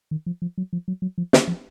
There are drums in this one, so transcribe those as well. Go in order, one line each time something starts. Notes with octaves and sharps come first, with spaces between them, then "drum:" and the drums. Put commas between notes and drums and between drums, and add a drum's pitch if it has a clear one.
D#3
F3
F3
F#3
F3
F#3
F#3
F3
D3, drum: snare
F3